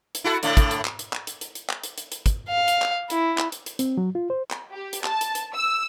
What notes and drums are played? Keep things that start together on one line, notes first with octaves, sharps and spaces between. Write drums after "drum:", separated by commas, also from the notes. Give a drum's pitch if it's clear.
drum: hi-hat
E4 F#4 A4
A2 D3 A3, drum: hi-hat
drum: kick, hi-hat
drum: hi-hat
drum: clap
drum: hi-hat
drum: clap
drum: hi-hat
drum: hi-hat
drum: hi-hat
drum: clap
drum: hi-hat
drum: hi-hat
drum: hi-hat
drum: kick, hi-hat
F5
drum: hi-hat
drum: clap
E4, drum: hi-hat
drum: clap
drum: hi-hat
drum: hi-hat
C4, drum: hi-hat
F#3
F4
C5
drum: clap
G4
drum: hi-hat
A5, drum: clap
drum: hi-hat
drum: hi-hat
E6